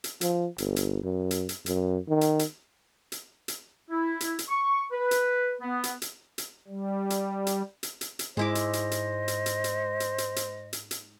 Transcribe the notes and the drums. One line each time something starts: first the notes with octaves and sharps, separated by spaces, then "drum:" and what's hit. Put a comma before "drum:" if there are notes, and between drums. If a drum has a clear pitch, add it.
drum: hi-hat
F3, drum: hi-hat
G1, drum: hi-hat
drum: hi-hat
F#2
drum: hi-hat
drum: hi-hat
F#2, drum: hi-hat
D#3
drum: hi-hat
drum: hi-hat
drum: hi-hat
drum: hi-hat
E4
drum: hi-hat
drum: hi-hat
C#6
B4
drum: hi-hat
B3
drum: hi-hat
drum: hi-hat
drum: hi-hat
G3
drum: hi-hat
drum: hi-hat
drum: hi-hat
drum: hi-hat
drum: hi-hat
G#2 G#3 E4 C5 D#5 D6
drum: hi-hat
drum: hi-hat
drum: hi-hat
drum: hi-hat
drum: hi-hat
drum: hi-hat
drum: hi-hat
drum: hi-hat
drum: hi-hat
drum: hi-hat
drum: hi-hat